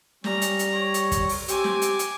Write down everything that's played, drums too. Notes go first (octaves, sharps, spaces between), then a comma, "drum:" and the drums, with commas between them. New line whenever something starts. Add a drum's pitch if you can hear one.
G3 C#4 A#5, drum: snare
drum: hi-hat
drum: hi-hat
C#5
drum: hi-hat
drum: kick, hi-hat
drum: open hi-hat
C4 G4 G#5 D6, drum: hi-hat
drum: snare
drum: hi-hat
drum: hi-hat